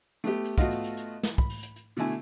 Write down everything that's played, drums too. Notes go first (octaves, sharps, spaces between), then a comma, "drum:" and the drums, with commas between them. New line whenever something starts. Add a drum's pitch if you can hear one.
A3 B3 G4
drum: hi-hat
A3 B3 F4 F#4 D#5 F5, drum: kick, hi-hat
drum: hi-hat
drum: hi-hat
drum: hi-hat
drum: snare
B5, drum: kick
drum: open hi-hat
drum: hi-hat
drum: hi-hat
B2 D3 A3 E4 G#5